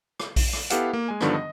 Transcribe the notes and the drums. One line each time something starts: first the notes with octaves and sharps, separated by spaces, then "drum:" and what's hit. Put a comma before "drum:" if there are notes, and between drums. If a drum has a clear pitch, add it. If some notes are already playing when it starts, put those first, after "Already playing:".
drum: rim click
drum: kick A#1, open hi-hat
drum: rim click
B3 E4 G4 A4 F5 F#5, drum: hi-hat
A#3
G#3 G#5
G2 D3 D#3 F3 B3 D4, drum: rim click
D#5